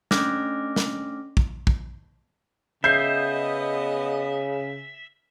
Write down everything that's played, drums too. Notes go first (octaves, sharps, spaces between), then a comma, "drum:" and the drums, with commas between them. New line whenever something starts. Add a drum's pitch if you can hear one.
A3 C#4 D4 D6 F6 A#6, drum: snare
drum: snare
drum: kick
drum: kick
C#3 B3 D#5 E5 G6 C7